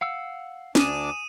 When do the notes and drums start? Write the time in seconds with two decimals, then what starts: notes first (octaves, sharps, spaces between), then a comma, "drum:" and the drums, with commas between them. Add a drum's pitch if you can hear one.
0.01 F5 F#5 E6
0.75 D2 D4 G#5 D6 D#6 D#7 E7, drum: snare C#4